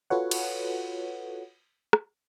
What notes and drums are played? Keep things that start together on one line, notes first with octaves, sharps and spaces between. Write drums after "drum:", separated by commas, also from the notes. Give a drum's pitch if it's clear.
F4 F#4 A4 B4 C#5 F#5
drum: cymbal
drum: rim click